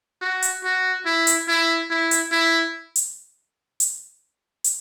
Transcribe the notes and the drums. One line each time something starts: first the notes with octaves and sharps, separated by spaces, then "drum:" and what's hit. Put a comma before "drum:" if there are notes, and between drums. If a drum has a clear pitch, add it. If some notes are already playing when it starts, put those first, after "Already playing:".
F#4
drum: hi-hat
F#4
E4
drum: hi-hat
E4
E4
drum: hi-hat
E4
drum: hi-hat
drum: hi-hat
drum: hi-hat